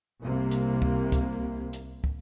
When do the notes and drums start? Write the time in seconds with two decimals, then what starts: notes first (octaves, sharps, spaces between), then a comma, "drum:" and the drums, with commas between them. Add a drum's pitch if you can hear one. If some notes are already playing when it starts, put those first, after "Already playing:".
0.21 C2 C3 A#3
0.51 drum: hi-hat
0.82 drum: kick
1.12 drum: kick, hi-hat
1.73 drum: hi-hat
2.04 drum: kick